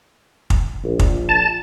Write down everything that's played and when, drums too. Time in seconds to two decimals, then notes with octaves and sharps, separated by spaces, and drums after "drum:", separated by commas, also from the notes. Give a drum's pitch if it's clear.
0.50 drum: kick
0.83 A#1
0.99 drum: kick
1.29 A5